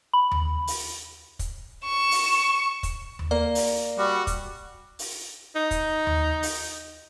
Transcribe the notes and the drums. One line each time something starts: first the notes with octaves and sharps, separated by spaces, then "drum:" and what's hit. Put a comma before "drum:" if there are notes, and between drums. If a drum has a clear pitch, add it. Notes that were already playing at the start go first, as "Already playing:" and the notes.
B5
drum: tom D#2
drum: open hi-hat
drum: kick, hi-hat
C#6 E7
drum: open hi-hat
drum: kick, hi-hat
drum: tom D#2
A#3 D5
drum: open hi-hat
G3 F#4
drum: kick, hi-hat
drum: open hi-hat
D#4
drum: kick, hi-hat
drum: tom D#2
drum: open hi-hat